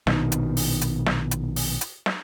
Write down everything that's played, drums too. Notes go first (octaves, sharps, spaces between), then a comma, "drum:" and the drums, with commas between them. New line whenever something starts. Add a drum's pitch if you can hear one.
A#1 B2 D#3, drum: snare
drum: hi-hat
drum: open hi-hat
drum: hi-hat
drum: snare
drum: hi-hat
drum: open hi-hat
drum: hi-hat
drum: snare